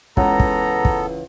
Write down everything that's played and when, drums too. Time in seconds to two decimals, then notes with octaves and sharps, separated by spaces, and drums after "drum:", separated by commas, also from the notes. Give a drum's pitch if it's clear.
0.17 C#2 C#3 E3 B3 A4 F#5 A#5, drum: kick
0.40 drum: kick
0.85 drum: kick